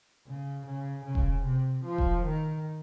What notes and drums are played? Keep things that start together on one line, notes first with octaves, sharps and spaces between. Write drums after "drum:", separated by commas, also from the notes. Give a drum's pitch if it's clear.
C#3
C#3
C#3
drum: kick E1
C3
F3
drum: kick E1
D#3